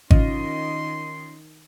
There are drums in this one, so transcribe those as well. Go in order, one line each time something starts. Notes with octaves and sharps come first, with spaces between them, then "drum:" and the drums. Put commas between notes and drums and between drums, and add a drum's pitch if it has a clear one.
D#3 C#4 F4 D#5 C6, drum: kick G#1